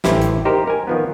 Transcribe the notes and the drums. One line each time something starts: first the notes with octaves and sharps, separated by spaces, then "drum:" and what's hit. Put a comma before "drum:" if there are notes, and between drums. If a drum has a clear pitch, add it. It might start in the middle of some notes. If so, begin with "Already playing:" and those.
A1 E4 G4 C5 G5, drum: snare
drum: hi-hat
D#4 G4 A#4 C5
A#4 G#5
D#3 F3 B3